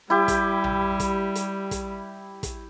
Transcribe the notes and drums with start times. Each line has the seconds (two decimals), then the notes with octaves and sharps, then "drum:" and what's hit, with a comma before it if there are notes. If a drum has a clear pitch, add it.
0.10 G3 E4 G4
0.28 drum: kick, hi-hat
0.64 drum: tom A#1
1.00 drum: kick, hi-hat
1.35 drum: hi-hat
1.71 drum: kick, hi-hat
2.43 drum: kick, hi-hat